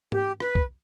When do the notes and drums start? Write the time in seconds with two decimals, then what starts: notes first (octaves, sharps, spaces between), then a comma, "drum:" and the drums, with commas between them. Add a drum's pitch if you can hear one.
0.12 G4, drum: tom G#2
0.40 B4, drum: rim click
0.55 drum: kick